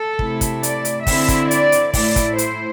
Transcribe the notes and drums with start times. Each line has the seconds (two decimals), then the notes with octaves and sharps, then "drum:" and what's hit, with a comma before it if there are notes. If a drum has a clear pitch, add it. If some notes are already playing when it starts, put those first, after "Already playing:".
Already playing: A4
0.19 C3 A3 E4, drum: kick
0.41 drum: kick, hi-hat
0.63 D5, drum: hi-hat
0.85 drum: hi-hat
1.07 D3 C4 E4 E5, drum: kick, open hi-hat
1.28 drum: kick, hi-hat
1.51 D5, drum: hi-hat
1.72 drum: hi-hat
1.94 A2 A3 E4 D5, drum: kick, open hi-hat
2.16 drum: kick, hi-hat
2.38 C5, drum: hi-hat